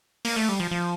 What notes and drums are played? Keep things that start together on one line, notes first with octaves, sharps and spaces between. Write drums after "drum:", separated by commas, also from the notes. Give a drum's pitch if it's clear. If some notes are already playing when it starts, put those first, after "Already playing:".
A#3, drum: open hi-hat
A3
G3
F3
F3